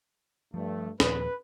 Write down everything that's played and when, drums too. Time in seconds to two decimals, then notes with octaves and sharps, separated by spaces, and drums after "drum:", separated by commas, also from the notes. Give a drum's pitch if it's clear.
0.54 G2 F3 A3
1.00 D#2 A#2 F3 B4, drum: snare